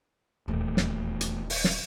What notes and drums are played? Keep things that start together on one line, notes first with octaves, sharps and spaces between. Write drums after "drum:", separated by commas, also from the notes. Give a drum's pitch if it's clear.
D#1 E2 D#3 A3 A#3
drum: snare
drum: hi-hat
drum: open hi-hat
drum: snare